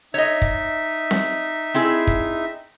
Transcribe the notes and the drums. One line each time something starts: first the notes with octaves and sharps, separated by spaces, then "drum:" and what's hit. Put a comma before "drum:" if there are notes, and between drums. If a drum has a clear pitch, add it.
D#4 C#5 D#5 E5
drum: kick
drum: snare C4
C4 E4 G#4
drum: kick